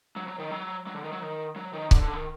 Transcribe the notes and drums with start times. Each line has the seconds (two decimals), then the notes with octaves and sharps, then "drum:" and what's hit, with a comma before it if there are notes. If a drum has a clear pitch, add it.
0.16 F#3
0.28 F#3
0.39 D#3
0.51 F#3
0.87 F#3
0.94 D3
1.04 D#3
1.12 F#3
1.22 D#3
1.56 F#3
1.73 D#3
1.91 D3, drum: kick C#1
2.02 D3
2.13 D#3